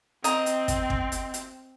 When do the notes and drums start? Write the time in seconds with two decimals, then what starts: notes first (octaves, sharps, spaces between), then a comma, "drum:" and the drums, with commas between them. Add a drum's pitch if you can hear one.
0.24 C4 D#5 A#5, drum: hi-hat
0.46 drum: hi-hat
0.68 drum: kick, hi-hat
0.90 drum: kick
1.12 drum: hi-hat
1.34 drum: hi-hat